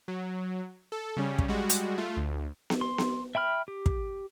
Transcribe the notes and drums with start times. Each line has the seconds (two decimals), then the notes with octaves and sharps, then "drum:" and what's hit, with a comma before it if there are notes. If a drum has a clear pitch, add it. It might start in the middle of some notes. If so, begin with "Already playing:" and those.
0.08 F#3
0.92 A4
1.17 C#3 G3 C#4
1.39 drum: kick
1.48 G3 G#3 F#4
1.69 drum: hi-hat
1.98 A3 F4
2.17 D2
2.70 drum: snare B3
2.81 C6
2.98 drum: snare B3
3.35 E5 G5 B5 F6
3.68 G4
3.86 drum: kick